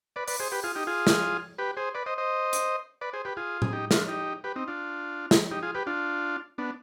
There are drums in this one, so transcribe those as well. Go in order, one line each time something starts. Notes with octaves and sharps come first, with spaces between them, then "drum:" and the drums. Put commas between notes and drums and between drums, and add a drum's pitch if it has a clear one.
B4 D5
B4 D5, drum: open hi-hat
G#4 C5
G4 B4
F4 G#4
D#4 G4
F4 G#4
drum: snare
G4 B4
G#4 C5
B4 D5
C5 D#5
C5 D#5
drum: hi-hat
B4 D5
G#4 C5
G4 B4
F4 G#4
G#4, drum: tom A2
D#4 G4
D4 F4, drum: snare
D#4 G4
G4 B4
C4 D#4
D4 F4
drum: snare
D#4 G4
F4 G#4
G4 B4
D4 F4
B3 D4